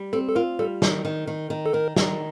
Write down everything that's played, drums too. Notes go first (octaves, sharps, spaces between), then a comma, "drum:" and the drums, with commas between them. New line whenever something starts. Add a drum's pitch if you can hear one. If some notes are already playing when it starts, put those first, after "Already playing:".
Already playing: G3
C4 A4
A4
F4 A#4
G3 A4
D#3, drum: snare
D#3
D#3
D#3
A4
D#3 A#4
D#3, drum: snare